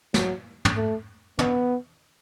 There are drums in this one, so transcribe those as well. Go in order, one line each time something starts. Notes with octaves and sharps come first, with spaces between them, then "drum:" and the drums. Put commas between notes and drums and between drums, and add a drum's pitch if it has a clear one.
F#3, drum: snare
drum: tom
A3
B3, drum: tom